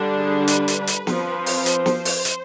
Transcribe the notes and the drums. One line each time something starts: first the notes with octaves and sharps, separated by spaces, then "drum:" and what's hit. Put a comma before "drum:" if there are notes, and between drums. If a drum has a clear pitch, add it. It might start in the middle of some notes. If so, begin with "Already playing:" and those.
Already playing: D3 G3 D4
G#4
B4, drum: hi-hat
drum: hi-hat
drum: hi-hat
F3 C4, drum: snare
drum: open hi-hat
C5, drum: hi-hat
drum: snare
drum: open hi-hat
drum: hi-hat